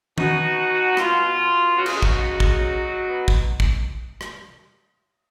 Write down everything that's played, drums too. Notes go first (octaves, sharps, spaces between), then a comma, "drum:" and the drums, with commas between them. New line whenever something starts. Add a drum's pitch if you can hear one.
B2 D#4 F#4, drum: tom D#3
B2
B2
D#4
B2 F4, drum: rim click
B2
B2
C#3 F#4
G#4, drum: cymbal
D#4 F#4
C#3, drum: kick
C#3
drum: kick
F#3
F#3
B3
drum: kick
drum: kick
drum: rim click